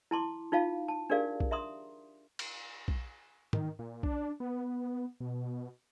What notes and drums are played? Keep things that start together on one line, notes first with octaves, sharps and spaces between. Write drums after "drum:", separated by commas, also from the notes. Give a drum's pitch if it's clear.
E4 A5 C6 D6
D#4 F4 F5 A5
A5
D4 G4 G#4 A#4 D5 F5
drum: kick B1
E5 A#5 C6 D#6
drum: cymbal
drum: kick B1
D#3, drum: tom G#2
A#2
D4, drum: kick B1
B3
B2